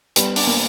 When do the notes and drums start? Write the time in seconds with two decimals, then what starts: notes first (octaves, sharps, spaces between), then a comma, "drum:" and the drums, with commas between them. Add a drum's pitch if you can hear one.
0.16 G3 B3, drum: hi-hat
0.36 D4, drum: open hi-hat
0.47 A#3